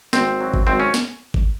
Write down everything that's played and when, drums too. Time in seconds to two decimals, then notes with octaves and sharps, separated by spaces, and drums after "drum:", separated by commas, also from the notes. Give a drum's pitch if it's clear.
0.13 G#1 C4, drum: snare
0.41 F#3
0.54 drum: kick G#1
0.67 G#1 C4
0.80 C#4
0.94 drum: snare
1.34 drum: kick G#1